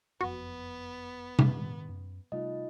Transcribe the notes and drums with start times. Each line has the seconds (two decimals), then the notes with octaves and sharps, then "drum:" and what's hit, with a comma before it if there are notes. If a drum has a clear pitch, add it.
0.21 F#1 F2 B3 F#4
1.39 drum: tom C3
1.58 G#2 D#3
1.89 F#2
2.32 C3 G3 A3 D#4 F4 D#5